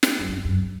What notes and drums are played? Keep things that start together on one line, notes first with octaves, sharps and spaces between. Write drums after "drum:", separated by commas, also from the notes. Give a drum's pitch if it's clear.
drum: snare
F#2
G2
F#2